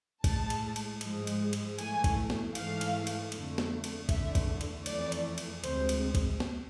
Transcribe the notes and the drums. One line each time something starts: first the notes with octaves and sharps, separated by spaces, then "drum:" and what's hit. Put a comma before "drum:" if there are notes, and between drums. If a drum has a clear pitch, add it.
A2 G#3 A5, drum: kick, cymbal
drum: cymbal
drum: cymbal
G#2 F3 G#3, drum: cymbal
drum: cymbal
drum: cymbal
A2 E3 A3 G#5, drum: cymbal
drum: kick, cymbal
drum: snare B3
G#2 E3 A3 F5, drum: cymbal
drum: cymbal
drum: cymbal
F2 D3 A3, drum: cymbal
drum: snare B3
drum: cymbal
E2 D3 A3 E5, drum: kick, cymbal
drum: kick, cymbal
drum: cymbal
F2 E3 A3 D5, drum: cymbal
drum: cymbal
drum: cymbal
D2 C3 G#3 C5, drum: cymbal
drum: cymbal
drum: kick, cymbal
drum: snare B3